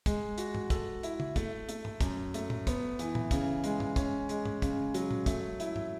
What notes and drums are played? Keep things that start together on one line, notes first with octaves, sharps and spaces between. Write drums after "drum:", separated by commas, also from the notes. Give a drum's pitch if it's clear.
G#3, drum: kick, hi-hat
F#4, drum: hi-hat
drum: tom G#2
A4, drum: kick, hi-hat
E4, drum: hi-hat
drum: tom C#3
A3, drum: kick, hi-hat
A3, drum: hi-hat
drum: tom G#2
F#2, drum: kick, hi-hat
A3, drum: hi-hat
drum: tom A#2
B3, drum: kick, hi-hat
E3, drum: hi-hat
drum: tom A#2
C#3, drum: kick, hi-hat
G#3, drum: hi-hat
drum: tom G#2
C#4, drum: kick, hi-hat
G#3, drum: hi-hat
drum: tom G#2
C#3, drum: kick, hi-hat
F#3, drum: hi-hat
drum: tom A#2
A3, drum: kick, hi-hat
E4, drum: hi-hat
drum: tom G#2